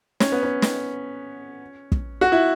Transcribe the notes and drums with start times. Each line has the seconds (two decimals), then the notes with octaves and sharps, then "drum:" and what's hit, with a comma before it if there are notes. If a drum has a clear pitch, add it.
0.20 C#4, drum: snare
0.32 B3
0.43 C#4
0.62 drum: snare
1.92 drum: kick
2.21 F#4
2.32 E4